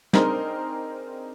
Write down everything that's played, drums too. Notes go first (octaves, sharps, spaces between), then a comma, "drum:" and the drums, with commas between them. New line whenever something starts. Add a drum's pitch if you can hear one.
C4 D4 D#4 G#4 A#4 C5, drum: snare